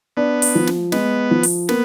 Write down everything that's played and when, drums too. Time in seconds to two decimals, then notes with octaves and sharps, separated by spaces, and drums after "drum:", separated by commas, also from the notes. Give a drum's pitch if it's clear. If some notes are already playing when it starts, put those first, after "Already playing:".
0.17 B3 D4
0.42 drum: open hi-hat
0.55 F3
0.67 drum: snare
0.92 G#3 B3, drum: snare
1.31 F3
1.43 drum: open hi-hat
1.69 A#3 B3, drum: snare